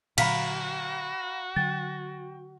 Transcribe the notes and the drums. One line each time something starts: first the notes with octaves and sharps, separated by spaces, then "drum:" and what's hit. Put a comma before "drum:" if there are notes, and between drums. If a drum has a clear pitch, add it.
A#2 D3 F#3 F#4 F5 A#5 B5 B6, drum: cymbal
D3 F#3 G5 A6